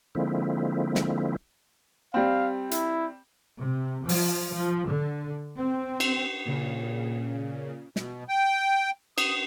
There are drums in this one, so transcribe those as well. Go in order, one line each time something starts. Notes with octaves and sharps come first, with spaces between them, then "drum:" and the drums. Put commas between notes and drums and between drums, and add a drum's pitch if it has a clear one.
D3 F3 G#3 A#3 C4 E4
drum: snare
G3 C4 F5
E4, drum: hi-hat
C3
F3, drum: open hi-hat
F3
D3
C4
drum: cymbal
A#2 C#3
B2, drum: snare
G5
D#6, drum: cymbal